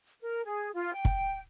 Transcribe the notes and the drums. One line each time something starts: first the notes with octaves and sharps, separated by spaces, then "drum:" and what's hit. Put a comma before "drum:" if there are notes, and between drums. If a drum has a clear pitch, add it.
A#4
G#4
F4
G5
drum: kick